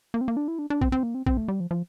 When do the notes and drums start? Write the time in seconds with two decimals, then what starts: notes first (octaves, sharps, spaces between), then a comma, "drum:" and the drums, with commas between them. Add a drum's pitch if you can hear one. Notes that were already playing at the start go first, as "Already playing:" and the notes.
0.14 A#3
0.21 C4
0.28 A#3
0.37 D4
0.48 E4
0.59 D4
0.70 D4
0.81 C4, drum: kick
0.92 C4
1.03 A#3
1.15 C4
1.26 C4, drum: kick
1.37 A3
1.48 G3
1.60 F3
1.71 F3